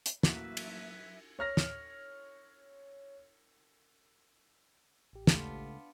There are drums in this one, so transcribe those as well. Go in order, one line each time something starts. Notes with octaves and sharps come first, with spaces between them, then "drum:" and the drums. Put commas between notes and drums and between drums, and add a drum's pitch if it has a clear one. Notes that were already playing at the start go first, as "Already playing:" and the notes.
drum: hi-hat
A1 F#3 A#3 F#4 B4 E5, drum: snare
drum: cymbal
C#5 F6 A#6
drum: snare
A1 G4
C#2 A3 B3 D4 F4, drum: snare